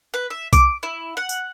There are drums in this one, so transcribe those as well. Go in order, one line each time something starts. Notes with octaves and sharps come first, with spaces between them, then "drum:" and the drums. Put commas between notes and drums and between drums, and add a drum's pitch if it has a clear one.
B4
E5
D6, drum: kick C2, tambourine
E4
F#5
drum: tambourine